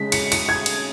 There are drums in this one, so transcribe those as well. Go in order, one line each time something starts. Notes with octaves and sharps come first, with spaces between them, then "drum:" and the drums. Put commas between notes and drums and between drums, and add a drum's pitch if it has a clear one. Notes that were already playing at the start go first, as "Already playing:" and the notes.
Already playing: C#3 G#3 B6
C#7, drum: cymbal
C#7, drum: cymbal
G#6
drum: cymbal